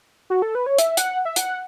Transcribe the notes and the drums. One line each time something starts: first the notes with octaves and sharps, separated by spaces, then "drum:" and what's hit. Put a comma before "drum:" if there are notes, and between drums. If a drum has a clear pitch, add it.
F#4
A4
B4
C#5
E5, drum: hi-hat
F#5, drum: hi-hat
E5
F#5, drum: hi-hat